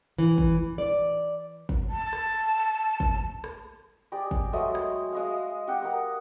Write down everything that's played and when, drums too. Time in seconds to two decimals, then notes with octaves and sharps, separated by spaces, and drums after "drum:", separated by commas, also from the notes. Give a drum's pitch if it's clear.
0.18 E3
0.38 drum: kick
0.78 D5
1.69 drum: kick
1.90 A5
2.13 drum: rim click
3.00 drum: kick
3.44 drum: rim click
4.12 G4 G#4 D5 D#5
4.31 drum: kick
4.53 F#3 G#3 A3 D#5
4.75 drum: rim click
5.13 G#3 D#5 F5
5.68 G4 D#5 F#5 G5
5.82 A#4 F#5 D#6